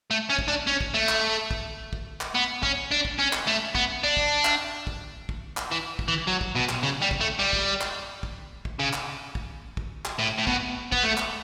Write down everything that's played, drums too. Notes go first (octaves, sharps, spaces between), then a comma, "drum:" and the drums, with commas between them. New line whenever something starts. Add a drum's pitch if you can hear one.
A3
C#4
drum: kick
D4
C#4
drum: kick
A3
drum: clap
drum: kick
drum: kick
drum: clap
B3
C#4, drum: kick
D4
drum: kick
C#4
drum: clap
A3
B3, drum: kick
D4
drum: kick
drum: clap
drum: kick
drum: kick
drum: clap
E3
drum: kick
E3
F#3
drum: kick
B2
drum: clap
C#3
G3
drum: kick
A3
G3
drum: kick
drum: clap
drum: kick
drum: kick
C#3
drum: clap
drum: kick
drum: kick
drum: clap
A2
A2
B2, drum: kick
B3, drum: kick
A3
drum: clap